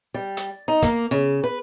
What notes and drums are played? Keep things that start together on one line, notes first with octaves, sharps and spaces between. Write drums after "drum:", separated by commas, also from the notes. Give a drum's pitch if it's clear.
G3
drum: hi-hat
D#4
A#3, drum: kick, hi-hat
C#3
B4